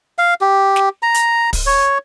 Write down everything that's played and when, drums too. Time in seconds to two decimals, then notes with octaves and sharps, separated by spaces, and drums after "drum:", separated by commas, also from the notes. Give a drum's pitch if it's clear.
0.18 F5
0.41 G4
0.76 drum: snare
1.03 A#5
1.14 drum: hi-hat
1.53 drum: kick, open hi-hat
1.66 C#5